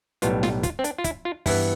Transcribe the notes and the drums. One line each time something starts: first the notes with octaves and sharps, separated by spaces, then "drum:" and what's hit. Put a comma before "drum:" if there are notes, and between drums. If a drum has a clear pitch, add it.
B1 A2 G3 B3 F4, drum: hi-hat
F4, drum: snare
F4, drum: kick, hi-hat
C4
D4, drum: hi-hat
F4
E4, drum: kick, hi-hat
F4
G2 E3 B3 E4, drum: kick, open hi-hat